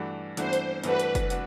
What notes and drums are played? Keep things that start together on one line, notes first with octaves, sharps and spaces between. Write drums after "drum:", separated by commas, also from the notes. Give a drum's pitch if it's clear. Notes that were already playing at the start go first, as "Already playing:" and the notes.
Already playing: G2 E3 A3 D4 F#4
G2 E3 A3 D4 F#4 C5, drum: hi-hat
drum: hi-hat
G2 E3 A3 D4 F#4 B4, drum: hi-hat
drum: hi-hat
drum: kick, hi-hat
D4 F#4, drum: hi-hat